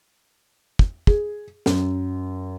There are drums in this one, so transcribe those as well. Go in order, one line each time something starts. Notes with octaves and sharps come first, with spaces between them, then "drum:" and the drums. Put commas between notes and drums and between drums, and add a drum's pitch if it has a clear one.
drum: kick
G#4, drum: kick
F#2, drum: snare